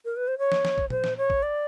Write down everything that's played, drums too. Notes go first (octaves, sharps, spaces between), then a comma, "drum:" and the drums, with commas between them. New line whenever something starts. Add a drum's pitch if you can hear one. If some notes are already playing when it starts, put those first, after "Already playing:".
A#4
B4
C5
C#5
drum: snare
drum: snare
drum: kick
C5, drum: tom A#2
drum: snare
C#5
drum: kick
D5